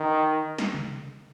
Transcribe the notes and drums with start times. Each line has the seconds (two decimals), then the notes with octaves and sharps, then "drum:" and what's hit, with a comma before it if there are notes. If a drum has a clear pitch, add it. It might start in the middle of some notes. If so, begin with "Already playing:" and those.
Already playing: D#3
0.58 drum: snare
0.74 drum: tom C3